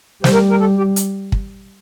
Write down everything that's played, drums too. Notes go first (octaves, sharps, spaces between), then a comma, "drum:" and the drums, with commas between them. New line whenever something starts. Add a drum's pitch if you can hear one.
G3 C5, drum: snare
A#4
A#4
A4
G4
drum: hi-hat
drum: kick